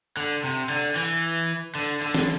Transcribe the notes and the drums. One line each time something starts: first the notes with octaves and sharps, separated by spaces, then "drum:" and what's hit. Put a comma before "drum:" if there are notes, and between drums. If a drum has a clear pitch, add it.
D3
C3
D3
E3, drum: hi-hat
D3
D3
drum: snare